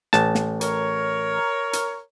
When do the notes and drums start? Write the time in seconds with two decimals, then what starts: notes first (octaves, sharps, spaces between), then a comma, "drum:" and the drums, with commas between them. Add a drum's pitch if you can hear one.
0.13 A1 A5, drum: snare
0.35 drum: snare
0.61 A#4 C#5, drum: hi-hat
1.73 drum: hi-hat